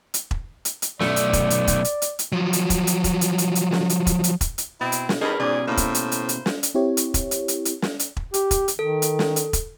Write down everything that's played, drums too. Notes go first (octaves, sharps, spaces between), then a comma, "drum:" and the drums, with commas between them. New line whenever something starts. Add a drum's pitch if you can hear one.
drum: hi-hat
drum: kick E1
drum: hi-hat
drum: hi-hat
B1 A3 D5, drum: snare
drum: hi-hat
drum: kick E1, hi-hat
drum: hi-hat
drum: kick E1, hi-hat
drum: hi-hat
drum: hi-hat
drum: hi-hat
F3 F#3
drum: hi-hat
drum: kick E1, hi-hat
drum: hi-hat
drum: kick E1, hi-hat
drum: hi-hat
drum: hi-hat
drum: hi-hat
drum: snare
drum: hi-hat
drum: kick E1, hi-hat
drum: hi-hat
drum: kick E1, hi-hat
drum: hi-hat
B2 C4 E4
drum: hi-hat
drum: snare
G2 D#4 G#4 A#4 B4
G#2 B2 C#4 G#4 D5
A2 A#3 E4 C5
drum: kick E1, hi-hat
drum: hi-hat
drum: hi-hat
drum: hi-hat
drum: snare
drum: hi-hat
C4 E4 G4 C#5
drum: hi-hat
drum: kick E1, hi-hat
drum: hi-hat
drum: hi-hat
drum: hi-hat
drum: snare
drum: hi-hat
drum: kick E1
G4, drum: hi-hat
drum: kick E1, hi-hat
drum: hi-hat
D#3 A4
drum: hi-hat
drum: snare
drum: hi-hat
drum: kick E1, hi-hat